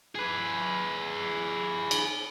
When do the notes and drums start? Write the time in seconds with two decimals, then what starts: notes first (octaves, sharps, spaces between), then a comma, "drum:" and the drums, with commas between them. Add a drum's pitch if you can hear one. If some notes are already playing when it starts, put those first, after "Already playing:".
0.15 G#4 B4
1.91 drum: cymbal